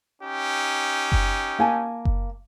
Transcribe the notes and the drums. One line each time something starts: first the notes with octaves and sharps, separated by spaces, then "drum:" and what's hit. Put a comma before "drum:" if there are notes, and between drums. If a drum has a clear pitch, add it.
C#4 D#4 G4
drum: kick F#1
A#3 G#5 A5
drum: kick F#1